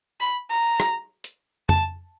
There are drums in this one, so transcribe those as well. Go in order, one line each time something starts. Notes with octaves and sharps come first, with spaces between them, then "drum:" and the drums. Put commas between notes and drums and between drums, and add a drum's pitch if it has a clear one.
B5
A#5
drum: rim click
drum: hi-hat
A5, drum: tom F2